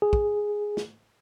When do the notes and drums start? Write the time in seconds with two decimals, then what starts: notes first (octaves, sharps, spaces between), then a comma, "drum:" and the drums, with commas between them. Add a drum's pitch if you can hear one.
0.02 G#4
0.13 drum: kick
0.77 drum: snare